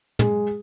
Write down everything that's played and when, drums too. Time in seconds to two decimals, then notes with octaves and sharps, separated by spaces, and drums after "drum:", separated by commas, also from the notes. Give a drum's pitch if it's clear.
0.19 G#3, drum: tom